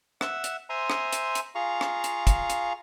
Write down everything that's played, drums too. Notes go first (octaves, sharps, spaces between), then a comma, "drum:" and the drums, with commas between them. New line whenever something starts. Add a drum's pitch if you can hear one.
E5 F#5 E6, drum: rim click
drum: hi-hat
C5 E5 G#5 A#5 C6
drum: rim click
drum: hi-hat
drum: hi-hat
F4 G#4 F5 A#5 C#6
drum: rim click
drum: hi-hat
drum: kick, hi-hat
drum: hi-hat